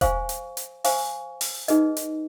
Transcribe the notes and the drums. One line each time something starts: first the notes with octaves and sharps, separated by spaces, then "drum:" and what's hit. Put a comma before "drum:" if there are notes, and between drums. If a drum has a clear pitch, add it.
C5 F5 G#5 C#6, drum: kick E1, hi-hat
drum: hi-hat
drum: hi-hat
C5 F5 G#5 C#6, drum: open hi-hat
drum: open hi-hat
D#4 G#4 B4 D#5, drum: hi-hat
drum: hi-hat